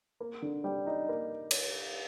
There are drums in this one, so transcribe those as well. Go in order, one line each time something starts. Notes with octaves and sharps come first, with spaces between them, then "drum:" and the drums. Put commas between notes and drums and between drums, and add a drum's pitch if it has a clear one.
A#3
D3
G3
D#4
A#3
drum: cymbal